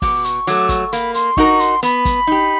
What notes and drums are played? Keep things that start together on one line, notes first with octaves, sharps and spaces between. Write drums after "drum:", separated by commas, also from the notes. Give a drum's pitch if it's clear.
B2 D6, drum: kick, open hi-hat
C#6, drum: hi-hat
F#3 A3 D6, drum: hi-hat
C#6, drum: kick, hi-hat
A#3 B5, drum: hi-hat
C6, drum: hi-hat
D#4 F#4 A#4 C#6, drum: kick
C6, drum: hi-hat
B3 B5, drum: hi-hat
drum: kick, hi-hat
D#4 G4